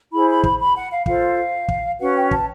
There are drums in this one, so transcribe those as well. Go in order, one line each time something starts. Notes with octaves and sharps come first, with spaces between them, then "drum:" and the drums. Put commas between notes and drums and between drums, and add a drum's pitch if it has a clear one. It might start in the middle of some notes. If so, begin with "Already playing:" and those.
E4 G#4 C5 B5
B5
B5, drum: kick
B5
F#5
F5
F4 A4 C5 F5, drum: kick
drum: kick
C#4 F#4 B4 F#5
G5
A5, drum: kick